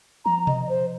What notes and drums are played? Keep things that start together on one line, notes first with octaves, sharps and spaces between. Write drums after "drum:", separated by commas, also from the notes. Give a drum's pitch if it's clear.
F3 A#5
D#5, drum: tom B2
C5